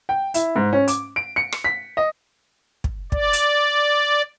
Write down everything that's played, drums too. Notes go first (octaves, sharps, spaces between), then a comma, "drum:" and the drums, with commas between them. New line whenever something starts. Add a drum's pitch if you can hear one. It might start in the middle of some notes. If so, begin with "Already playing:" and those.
G5
E4, drum: hi-hat
G#2
C#4
D6, drum: hi-hat
D7
C#7
drum: rim click
B6
D#5
drum: kick
D5, drum: kick
drum: hi-hat